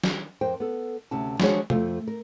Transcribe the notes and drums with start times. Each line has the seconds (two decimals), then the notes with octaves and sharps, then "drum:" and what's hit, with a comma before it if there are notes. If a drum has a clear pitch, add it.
0.04 drum: snare
0.41 F2 A#4 C5 G5
0.60 B3 A4
1.11 D2 C3 C#4 A5
1.40 F3 G#3 D4 F#4 G#4 C#5, drum: snare
1.70 F2 F3 A3 F4, drum: tom
2.08 A#4